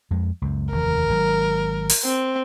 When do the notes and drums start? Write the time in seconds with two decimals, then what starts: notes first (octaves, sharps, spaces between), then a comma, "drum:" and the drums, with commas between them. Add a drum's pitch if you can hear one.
0.11 F2 G#3
0.42 C#2 F#2
0.72 F1 D#2 E3 A#4
1.09 G#1 F#3
1.90 drum: open hi-hat
2.05 C4